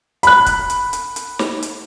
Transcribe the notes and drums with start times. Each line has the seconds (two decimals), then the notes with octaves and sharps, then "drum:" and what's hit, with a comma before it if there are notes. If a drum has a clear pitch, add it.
0.23 B5 F#6, drum: hi-hat
0.46 drum: kick, hi-hat
0.70 drum: hi-hat
0.93 drum: hi-hat
1.16 drum: hi-hat
1.39 drum: snare
1.62 drum: hi-hat